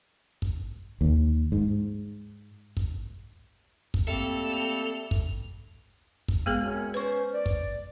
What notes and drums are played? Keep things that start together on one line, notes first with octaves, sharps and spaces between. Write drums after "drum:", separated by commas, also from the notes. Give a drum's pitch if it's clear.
drum: kick
D#2
G#2
drum: kick
drum: kick
G3 A3 A#3 C4 A4 F7
drum: kick
drum: kick
G#3 B3 G#4
F#2 C4 C#4
C#4 B4 C5 C#6
D5
drum: kick